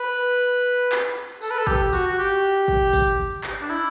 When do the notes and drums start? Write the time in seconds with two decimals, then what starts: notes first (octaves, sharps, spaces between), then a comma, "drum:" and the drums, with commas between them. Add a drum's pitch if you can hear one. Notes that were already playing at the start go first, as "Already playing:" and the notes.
Already playing: B4
0.92 drum: clap
1.42 A4, drum: tambourine
1.51 B4
1.58 A4
1.67 G4, drum: kick
1.93 F#4, drum: tambourine
2.07 F#4
2.18 G4
2.68 drum: kick
2.93 drum: kick, tambourine
3.44 drum: clap
3.61 D4
3.69 E4